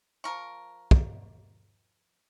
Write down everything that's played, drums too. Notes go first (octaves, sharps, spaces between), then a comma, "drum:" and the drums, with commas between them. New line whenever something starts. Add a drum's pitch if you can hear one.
F3 A#4 C#6
drum: kick